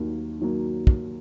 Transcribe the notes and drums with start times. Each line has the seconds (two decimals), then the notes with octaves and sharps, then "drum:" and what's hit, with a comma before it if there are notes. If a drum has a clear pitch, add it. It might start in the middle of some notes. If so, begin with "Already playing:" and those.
Already playing: D#2 D#3 F#3 A#3
0.40 D#3 F#3 A#3
0.87 drum: kick